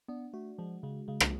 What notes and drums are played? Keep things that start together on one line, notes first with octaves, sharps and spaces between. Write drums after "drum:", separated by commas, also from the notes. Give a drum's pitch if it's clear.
B3 D4
A3 F#4
F3 G#3
C#3 G#3
C#3 G#3
drum: rim click